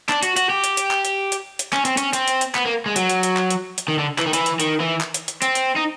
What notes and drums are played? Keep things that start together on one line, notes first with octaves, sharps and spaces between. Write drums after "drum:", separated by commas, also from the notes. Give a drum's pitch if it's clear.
D4, drum: clap
F#4, drum: hi-hat
F#4, drum: hi-hat
G4
drum: hi-hat
drum: hi-hat
drum: clap
drum: hi-hat
drum: hi-hat
drum: hi-hat
C#4, drum: clap
C4, drum: hi-hat
C#4, drum: hi-hat
C4, drum: hi-hat
drum: hi-hat
drum: hi-hat
B3, drum: clap
A#3
G#3
F#3, drum: hi-hat
drum: hi-hat
drum: hi-hat
drum: clap
drum: hi-hat
drum: hi-hat
D#3
D3
E3, drum: clap
D#3
E3, drum: hi-hat
drum: hi-hat
D#3, drum: hi-hat
E3
drum: clap
drum: hi-hat
drum: hi-hat
C4, drum: hi-hat
drum: hi-hat
D#4